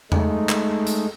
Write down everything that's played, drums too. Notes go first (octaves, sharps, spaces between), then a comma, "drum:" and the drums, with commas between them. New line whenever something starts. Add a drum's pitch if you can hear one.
G#3 A3 D#4, drum: tom E2
drum: clap
drum: hi-hat